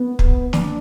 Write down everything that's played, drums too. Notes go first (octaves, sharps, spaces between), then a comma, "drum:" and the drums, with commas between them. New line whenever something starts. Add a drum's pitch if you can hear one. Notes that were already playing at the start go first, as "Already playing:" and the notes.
Already playing: B3
drum: kick
D4, drum: snare